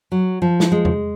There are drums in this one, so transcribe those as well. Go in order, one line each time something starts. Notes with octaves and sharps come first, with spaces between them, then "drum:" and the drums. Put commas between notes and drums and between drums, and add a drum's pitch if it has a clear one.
F#3
F3
drum: snare
G#3
drum: tom E2